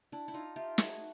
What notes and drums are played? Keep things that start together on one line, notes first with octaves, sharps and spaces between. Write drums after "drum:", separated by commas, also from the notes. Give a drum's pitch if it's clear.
D4 E4 A5
E4
D#4 F4
F4 G4 E5
F#4 G#4, drum: snare